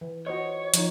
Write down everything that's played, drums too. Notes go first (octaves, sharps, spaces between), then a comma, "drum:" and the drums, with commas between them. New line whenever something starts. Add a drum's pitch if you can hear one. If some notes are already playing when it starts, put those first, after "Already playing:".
E3
F#4 C5 C#5 D#5
F3 D#4, drum: hi-hat